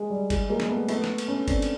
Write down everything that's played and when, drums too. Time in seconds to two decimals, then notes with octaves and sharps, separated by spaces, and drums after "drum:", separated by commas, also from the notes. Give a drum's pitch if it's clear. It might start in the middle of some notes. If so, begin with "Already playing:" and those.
Already playing: G#3
0.10 G3
0.30 G#3, drum: kick G1, cymbal
0.50 G#3 A#3
0.60 drum: snare
0.69 A3 B3
0.89 A3 B3, drum: cymbal
1.04 drum: snare
1.18 drum: cymbal
1.28 B3 C#4
1.48 C4 D4, drum: kick G1, cymbal
1.62 drum: cymbal